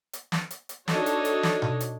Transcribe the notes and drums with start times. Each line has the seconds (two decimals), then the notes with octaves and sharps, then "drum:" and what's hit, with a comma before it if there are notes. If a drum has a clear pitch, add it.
0.13 drum: hi-hat
0.32 drum: snare
0.50 drum: hi-hat
0.69 drum: hi-hat
0.88 D4 D#4 F#4 A4 C#5 D#5, drum: snare
1.06 drum: hi-hat
1.25 drum: hi-hat
1.43 drum: snare
1.62 drum: tom B2
1.80 drum: hi-hat